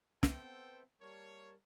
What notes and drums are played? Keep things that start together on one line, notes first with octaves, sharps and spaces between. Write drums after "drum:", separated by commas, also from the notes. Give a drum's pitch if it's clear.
B3 C4 A4 C5 E5 G5, drum: snare
G3 A#3 A#4 C#5 A5